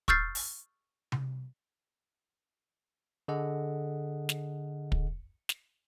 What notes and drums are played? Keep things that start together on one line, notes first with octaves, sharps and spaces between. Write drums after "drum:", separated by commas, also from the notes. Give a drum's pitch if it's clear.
C#6 E6 F6 G6 A6 C7, drum: kick
drum: open hi-hat
drum: tom C3
D3 G#4 A4 D#5 F#5
drum: snare
drum: kick
drum: snare